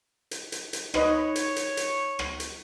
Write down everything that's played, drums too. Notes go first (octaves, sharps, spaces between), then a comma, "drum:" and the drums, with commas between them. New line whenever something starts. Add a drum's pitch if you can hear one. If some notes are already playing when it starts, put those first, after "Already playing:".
drum: hi-hat
drum: hi-hat
drum: hi-hat
D#4 B4 C#5 D#5, drum: rim click
drum: hi-hat
drum: hi-hat
drum: hi-hat
drum: rim click
drum: hi-hat